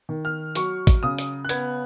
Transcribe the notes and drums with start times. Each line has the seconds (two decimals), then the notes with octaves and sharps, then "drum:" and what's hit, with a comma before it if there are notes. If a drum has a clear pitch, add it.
0.09 D#3
0.25 F6
0.55 F#3 C#6, drum: hi-hat
0.87 drum: kick, hi-hat
1.03 C#3 D#6
1.19 drum: hi-hat
1.45 F#6
1.49 B3 G#6, drum: hi-hat